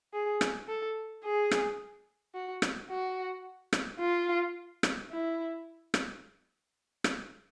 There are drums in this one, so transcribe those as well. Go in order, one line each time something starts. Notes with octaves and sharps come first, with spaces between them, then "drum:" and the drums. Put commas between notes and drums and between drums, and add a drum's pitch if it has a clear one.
G#4
drum: rim click
A4
G#4
drum: rim click
F#4
drum: rim click
F#4
drum: rim click
F4
drum: rim click
E4
drum: rim click
drum: rim click